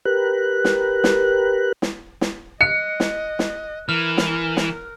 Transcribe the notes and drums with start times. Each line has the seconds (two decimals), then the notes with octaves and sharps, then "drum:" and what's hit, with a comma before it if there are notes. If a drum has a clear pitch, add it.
0.05 G4 A#4 B4 F#6
0.65 drum: snare
1.04 drum: snare
1.82 drum: snare
2.21 drum: snare
2.61 D#5 F#6 C#7
3.00 drum: snare
3.39 drum: snare
3.89 E3 A#4 F6
4.17 drum: snare
4.57 drum: snare